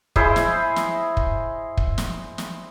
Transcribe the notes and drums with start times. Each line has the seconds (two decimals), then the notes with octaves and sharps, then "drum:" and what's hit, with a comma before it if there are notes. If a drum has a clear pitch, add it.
0.16 E4 G#4 C5 D#5, drum: kick
0.36 drum: snare
0.76 drum: snare
1.17 drum: kick
1.77 drum: kick
1.98 drum: snare
2.38 drum: snare